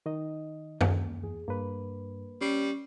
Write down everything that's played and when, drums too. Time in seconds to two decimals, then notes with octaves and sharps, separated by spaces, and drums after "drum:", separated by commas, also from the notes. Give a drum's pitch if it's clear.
0.06 D#3 D#4 D#5
0.81 drum: tom F#2
1.23 E2 G#4
1.48 G2 A#3 B4
2.41 G3 C#4 C7